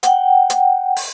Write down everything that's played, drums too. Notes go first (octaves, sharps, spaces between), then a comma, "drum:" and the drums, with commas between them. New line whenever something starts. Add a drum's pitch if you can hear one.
F#5 G5, drum: hi-hat
drum: hi-hat
drum: open hi-hat